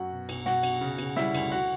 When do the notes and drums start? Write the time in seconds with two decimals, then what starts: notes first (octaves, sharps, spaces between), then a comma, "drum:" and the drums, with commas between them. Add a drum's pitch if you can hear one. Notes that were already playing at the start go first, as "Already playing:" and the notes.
Already playing: F#2 F#4 F#5
0.11 B2
0.29 B1, drum: cymbal
0.46 B2 F#4 F#5, drum: snare
0.63 B2, drum: cymbal
0.81 C#3
0.98 C#3, drum: cymbal
1.16 G3 E4 E5, drum: snare
1.34 D2, drum: cymbal
1.51 F#4 F#5